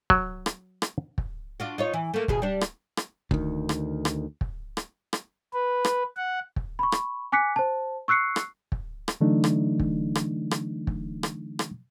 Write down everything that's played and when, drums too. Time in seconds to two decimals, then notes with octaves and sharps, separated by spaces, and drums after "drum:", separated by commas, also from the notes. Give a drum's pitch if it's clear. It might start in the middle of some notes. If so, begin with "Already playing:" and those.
0.10 F#3, drum: kick
0.46 drum: rim click
0.82 drum: rim click
1.18 drum: kick
1.60 D4 F4 F#4
1.78 D#4 F4 C#5
1.94 E3
2.14 A3 A#3
2.28 E2 B2 G#4, drum: kick
2.42 G3 D4
2.61 drum: rim click
2.97 drum: rim click
3.31 D2 D#3, drum: kick
3.69 drum: rim click
4.05 drum: rim click
4.41 drum: kick
4.77 drum: rim click
5.13 drum: rim click
5.54 B4
5.85 drum: rim click
6.17 F#5
6.56 drum: kick
6.79 B5 C#6
6.92 drum: rim click
7.32 G#5 D6 F#6 B6 C#7
7.56 C5 A5
8.08 C#6 E6 F#6 C7 C#7
8.36 drum: rim click
8.72 drum: kick
9.08 drum: rim click
9.21 D3 E3 F#3 A3 D4 D#4
9.44 drum: rim click
9.80 drum: kick
10.15 drum: rim click
10.51 drum: rim click
10.87 drum: kick
11.23 drum: rim click
11.59 drum: rim click